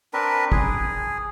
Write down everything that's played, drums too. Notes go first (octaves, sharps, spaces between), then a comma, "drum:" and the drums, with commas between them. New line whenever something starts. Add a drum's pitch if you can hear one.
C4 D4 A#4 B4
G#4, drum: kick